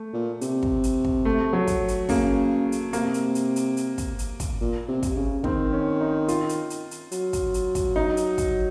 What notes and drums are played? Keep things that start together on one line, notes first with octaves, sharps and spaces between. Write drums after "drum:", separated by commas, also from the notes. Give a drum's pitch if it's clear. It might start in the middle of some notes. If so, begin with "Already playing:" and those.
Already playing: A3
A#2
C3, drum: hi-hat
drum: kick
drum: hi-hat
drum: kick
A3
F#3
drum: kick, hi-hat
drum: hi-hat
C#3 A#3, drum: kick, open hi-hat
drum: hi-hat
C3 A#3, drum: hi-hat
drum: hi-hat
drum: hi-hat
drum: hi-hat
drum: hi-hat
drum: kick, hi-hat
drum: hi-hat
drum: kick, hi-hat
A#2
C3
drum: kick, hi-hat
C#3
D#3 C4, drum: kick
C#4
D#4
F4, drum: hi-hat
drum: hi-hat
drum: hi-hat
drum: hi-hat
F#3, drum: hi-hat
drum: kick, hi-hat
drum: hi-hat
drum: kick, hi-hat
D#4
drum: hi-hat
drum: kick, hi-hat